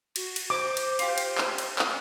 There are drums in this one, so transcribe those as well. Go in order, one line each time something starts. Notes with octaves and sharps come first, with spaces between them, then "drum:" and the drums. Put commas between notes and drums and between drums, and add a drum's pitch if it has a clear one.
F#4, drum: cymbal
drum: cymbal
C5 D6
drum: cymbal
F4 G4, drum: cymbal
drum: cymbal
drum: clap
drum: cymbal
drum: clap